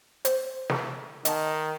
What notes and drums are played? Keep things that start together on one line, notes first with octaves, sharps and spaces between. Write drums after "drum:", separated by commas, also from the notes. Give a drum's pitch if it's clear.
C5, drum: hi-hat
drum: snare
D#3 D#5 A5, drum: hi-hat